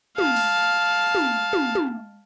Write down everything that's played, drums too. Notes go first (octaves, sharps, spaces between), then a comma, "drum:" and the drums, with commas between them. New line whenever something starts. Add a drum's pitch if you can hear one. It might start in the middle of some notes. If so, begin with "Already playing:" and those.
F5 A5, drum: tom
drum: open hi-hat
drum: tom
drum: tom
drum: tom